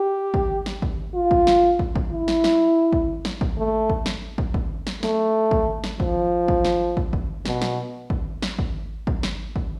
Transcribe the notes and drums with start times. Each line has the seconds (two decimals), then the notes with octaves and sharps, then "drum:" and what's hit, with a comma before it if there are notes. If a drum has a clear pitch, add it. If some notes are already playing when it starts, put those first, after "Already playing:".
Already playing: G4
0.34 drum: kick
0.66 drum: snare
0.82 drum: kick
1.15 F4
1.31 drum: kick
1.47 drum: snare
1.79 drum: kick
1.96 drum: kick
2.12 E4
2.28 drum: snare
2.44 drum: snare
2.93 drum: kick
3.25 drum: snare
3.41 drum: kick
3.58 A3
3.90 drum: kick
4.06 drum: snare
4.38 drum: kick
4.54 drum: kick
4.87 drum: snare
5.03 A3, drum: snare
5.51 drum: kick
5.84 drum: snare
6.00 F3, drum: kick
6.48 drum: kick
6.65 drum: snare
6.97 drum: kick
7.13 drum: kick
7.45 B2, drum: snare
7.62 drum: snare
8.10 drum: kick
8.42 drum: snare
8.59 drum: kick
9.07 drum: kick
9.23 drum: snare
9.56 drum: kick